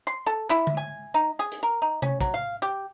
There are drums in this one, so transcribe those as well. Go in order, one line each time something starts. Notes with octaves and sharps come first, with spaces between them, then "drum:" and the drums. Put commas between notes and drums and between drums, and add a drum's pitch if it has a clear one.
C6
A4
E4, drum: clap
drum: tom D3
G#5
D#4
G#4
drum: hi-hat
A#4
D#4
C#4, drum: tom C3
F#3, drum: kick, hi-hat
F5
G4